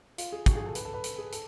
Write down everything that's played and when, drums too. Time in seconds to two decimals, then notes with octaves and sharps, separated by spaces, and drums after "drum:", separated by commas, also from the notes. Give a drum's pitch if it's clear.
0.18 F4, drum: hi-hat
0.32 G#4
0.46 F#4, drum: kick, hi-hat
0.56 G#4
0.66 A4
0.75 B4, drum: hi-hat
0.85 A4
0.94 B4
1.04 A4, drum: hi-hat
1.18 G#4
1.32 A4, drum: hi-hat